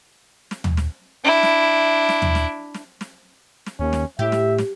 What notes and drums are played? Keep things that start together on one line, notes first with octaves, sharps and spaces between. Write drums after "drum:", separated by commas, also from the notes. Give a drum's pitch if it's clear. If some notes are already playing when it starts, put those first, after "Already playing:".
drum: snare
drum: tom
drum: snare
D4 E4
drum: snare
drum: snare
drum: tom
drum: snare
drum: snare
drum: snare
drum: snare
D#2 C#4
drum: snare
A2 G4 E5
drum: snare
drum: snare